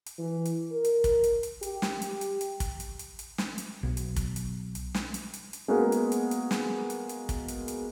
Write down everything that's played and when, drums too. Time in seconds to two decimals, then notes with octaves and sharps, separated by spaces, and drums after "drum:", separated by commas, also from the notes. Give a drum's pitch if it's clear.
0.06 drum: hi-hat
0.19 E3
0.45 drum: hi-hat
0.72 A#4
0.84 drum: hi-hat
1.04 drum: kick, hi-hat
1.24 drum: hi-hat
1.43 drum: hi-hat
1.63 G4, drum: hi-hat
1.82 drum: snare
2.02 drum: hi-hat
2.21 drum: hi-hat
2.41 drum: hi-hat
2.60 drum: kick, hi-hat
2.80 drum: hi-hat
2.99 drum: hi-hat
3.19 drum: hi-hat
3.38 drum: snare
3.58 drum: hi-hat
3.83 B1
3.97 drum: hi-hat
4.16 drum: kick, hi-hat
4.36 drum: hi-hat
4.75 drum: hi-hat
4.95 drum: snare
5.14 drum: hi-hat
5.34 drum: hi-hat
5.53 drum: hi-hat
5.68 G#3 A#3 B3 F#4 G#4 A#4
5.92 drum: hi-hat
6.12 drum: hi-hat
6.31 drum: hi-hat
6.51 drum: snare
6.90 drum: hi-hat
7.09 drum: hi-hat
7.29 drum: kick, hi-hat
7.48 drum: hi-hat
7.68 drum: hi-hat